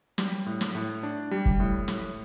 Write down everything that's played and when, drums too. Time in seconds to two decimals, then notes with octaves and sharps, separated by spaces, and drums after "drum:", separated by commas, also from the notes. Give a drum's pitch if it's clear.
0.18 G3, drum: snare
0.46 A2
0.61 drum: snare
0.75 A2
1.03 D4
1.31 G3
1.46 drum: kick
1.60 A2
1.88 A2, drum: snare